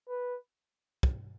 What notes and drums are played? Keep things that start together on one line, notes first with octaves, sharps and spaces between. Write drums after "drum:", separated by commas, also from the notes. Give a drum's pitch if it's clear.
B4
drum: kick